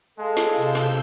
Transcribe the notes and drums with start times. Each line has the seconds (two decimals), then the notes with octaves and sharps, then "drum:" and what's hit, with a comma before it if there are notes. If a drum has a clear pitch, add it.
0.18 G#3 A4 F5 A5
0.37 drum: snare
0.56 C3 E6 G6
0.75 drum: snare